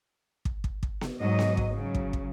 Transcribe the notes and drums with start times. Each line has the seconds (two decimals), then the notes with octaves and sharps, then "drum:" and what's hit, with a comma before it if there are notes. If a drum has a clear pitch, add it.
0.45 drum: kick
0.64 drum: kick
0.83 drum: kick
1.01 drum: snare B3
1.20 G#2 F#3 D#5
1.39 drum: snare B3
1.57 drum: kick
1.72 C#3 F#3
1.95 drum: kick
2.13 drum: kick